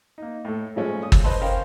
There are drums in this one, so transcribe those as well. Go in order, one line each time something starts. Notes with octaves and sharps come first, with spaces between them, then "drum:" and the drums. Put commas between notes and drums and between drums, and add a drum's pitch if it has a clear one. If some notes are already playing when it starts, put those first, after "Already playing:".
A#3 D#4
A2 A4
G2 A#2 F3 G#3 A3 C#4
D#6
drum: kick G1
B4 C5 D#5 A5 B5 C6
C#4 A#4 C5 F5 G5